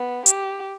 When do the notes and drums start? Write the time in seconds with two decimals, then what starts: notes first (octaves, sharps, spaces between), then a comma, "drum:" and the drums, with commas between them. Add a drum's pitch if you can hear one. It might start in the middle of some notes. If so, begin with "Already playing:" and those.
Already playing: B3
0.26 G4, drum: hi-hat